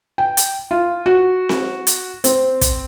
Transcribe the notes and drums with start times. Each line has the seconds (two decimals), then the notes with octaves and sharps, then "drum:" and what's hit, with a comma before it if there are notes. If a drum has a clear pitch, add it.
0.18 G5
0.37 drum: hi-hat
0.71 F4
1.06 F#4
1.49 drum: snare C4
1.87 drum: hi-hat
2.24 C4, drum: hi-hat
2.61 drum: kick, hi-hat